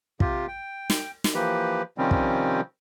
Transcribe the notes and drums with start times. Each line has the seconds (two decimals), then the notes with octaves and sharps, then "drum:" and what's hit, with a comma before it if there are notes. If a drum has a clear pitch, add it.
0.20 C3 F4 G4, drum: kick
0.48 G5
0.90 drum: snare
1.24 drum: snare
1.35 E3 F3 A#3 G4 B4
1.98 C3 D#3 F3 G3 C4 C#4
2.11 drum: kick